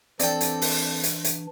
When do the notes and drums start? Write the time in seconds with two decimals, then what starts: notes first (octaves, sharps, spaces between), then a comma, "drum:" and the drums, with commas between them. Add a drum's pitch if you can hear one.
0.20 E3 C4 D4 A4 D5 G5, drum: hi-hat
0.41 drum: hi-hat
0.62 drum: open hi-hat
1.03 drum: hi-hat
1.24 drum: hi-hat